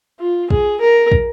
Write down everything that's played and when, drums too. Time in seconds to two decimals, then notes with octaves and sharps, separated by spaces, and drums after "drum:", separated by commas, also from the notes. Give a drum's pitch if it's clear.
0.20 F4
0.50 G#4, drum: kick
0.81 A#4
1.12 drum: kick